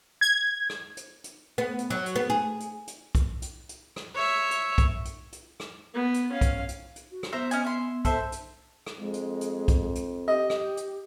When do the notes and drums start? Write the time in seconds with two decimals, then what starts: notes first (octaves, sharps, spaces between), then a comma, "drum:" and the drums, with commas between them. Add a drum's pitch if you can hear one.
0.21 G#6
0.70 drum: rim click
0.97 drum: hi-hat
1.24 drum: hi-hat
1.58 B3
1.79 drum: hi-hat
1.90 F#3
2.06 drum: hi-hat
2.16 B3
2.30 G#4
2.60 drum: hi-hat
2.87 drum: hi-hat
3.15 drum: kick B1, hi-hat
3.42 drum: hi-hat
3.69 drum: hi-hat
3.96 drum: rim click
4.15 C#5 E5
4.51 drum: hi-hat
4.78 drum: kick B1, hi-hat
5.05 drum: hi-hat
5.32 drum: hi-hat
5.60 drum: rim click
5.95 B3
6.14 drum: hi-hat
6.32 C#4 F5
6.41 drum: kick B1, hi-hat
6.69 drum: hi-hat
6.96 drum: hi-hat
7.11 F#4
7.23 drum: rim click
7.32 B3 C5 E5 A#5
7.51 C#4 D#5 G#5, drum: hi-hat
7.65 E5 C6
8.05 A4 C5 E5, drum: kick B1, hi-hat
8.32 drum: hi-hat
8.86 drum: rim click
8.99 F2 G#3
9.14 drum: hi-hat
9.41 drum: hi-hat
9.68 drum: kick B1, hi-hat
9.95 drum: hi-hat
10.28 G4 D#5
10.50 drum: rim click
10.77 drum: hi-hat